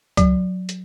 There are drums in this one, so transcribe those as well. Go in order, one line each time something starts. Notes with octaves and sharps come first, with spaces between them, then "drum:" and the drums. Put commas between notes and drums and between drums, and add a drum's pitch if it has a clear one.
F#3, drum: kick C#2, hi-hat
drum: hi-hat